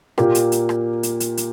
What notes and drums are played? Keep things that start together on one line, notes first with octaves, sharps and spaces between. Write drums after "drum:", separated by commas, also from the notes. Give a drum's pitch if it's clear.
A#2 A#3 G4, drum: rim click
drum: hi-hat
drum: hi-hat
drum: rim click
drum: hi-hat
drum: hi-hat
drum: hi-hat